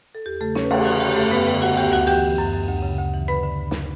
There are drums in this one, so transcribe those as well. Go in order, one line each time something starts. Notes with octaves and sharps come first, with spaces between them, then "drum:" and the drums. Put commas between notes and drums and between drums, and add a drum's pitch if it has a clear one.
A4
E2 G4
C#3 A3 A4
E2 C#4 C#5, drum: snare
B4
E3 A3 A4, drum: cymbal
D3 F#4
D3 G4
G4
F#2 A3 A4
F#2 B3 B4
D3 B3 B4
D3 F#4 F#5
D2 G4 G5
D2 F#4 F#5
E3 G4 G5, drum: cymbal
E3
F#2
F#2
D2
C#3
D2
E3
D3 B4 B5
D3
D2
drum: snare